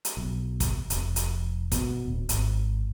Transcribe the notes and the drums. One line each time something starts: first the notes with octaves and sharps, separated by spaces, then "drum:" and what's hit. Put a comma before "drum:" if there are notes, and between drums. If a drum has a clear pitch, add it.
drum: hi-hat
B1
drum: kick, hi-hat
F1, drum: hi-hat
drum: hi-hat
B2, drum: kick, hi-hat
D1
G#1, drum: hi-hat